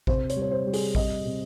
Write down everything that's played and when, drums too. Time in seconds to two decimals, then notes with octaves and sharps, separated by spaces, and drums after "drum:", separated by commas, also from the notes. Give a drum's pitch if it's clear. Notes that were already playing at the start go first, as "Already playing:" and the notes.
0.07 C3 C5, drum: kick A1
0.30 C#5, drum: hi-hat
0.36 G3
0.42 C#5
0.51 C5
0.66 G3
0.73 G#4, drum: open hi-hat
0.95 C3 D#5, drum: kick A1
1.25 C3